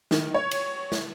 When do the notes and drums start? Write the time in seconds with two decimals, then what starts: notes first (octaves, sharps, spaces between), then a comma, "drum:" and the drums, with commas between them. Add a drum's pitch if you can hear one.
0.11 D#3, drum: snare
0.34 C#5
0.51 drum: cymbal
0.92 drum: snare